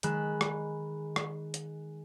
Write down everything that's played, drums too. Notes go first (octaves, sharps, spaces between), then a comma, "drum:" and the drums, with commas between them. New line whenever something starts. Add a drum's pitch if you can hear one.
D#3 G#3 B5 F#6 E7, drum: hi-hat
drum: rim click
drum: rim click
drum: hi-hat